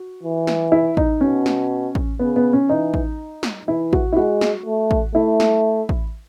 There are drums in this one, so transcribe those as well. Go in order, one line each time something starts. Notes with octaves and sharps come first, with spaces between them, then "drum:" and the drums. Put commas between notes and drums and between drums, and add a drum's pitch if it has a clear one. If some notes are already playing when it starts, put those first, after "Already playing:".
Already playing: F#4
E3
drum: snare
E4
D#4, drum: kick A1
B2 C#4
drum: snare
drum: kick A1
C#3 B3
B3
C#4
E3 D#4
drum: kick A1
drum: snare
E3 E4
F#4, drum: kick A1
E4
G#3 F#4
drum: snare
A3
drum: kick A1
A3 E4
drum: snare
drum: kick A1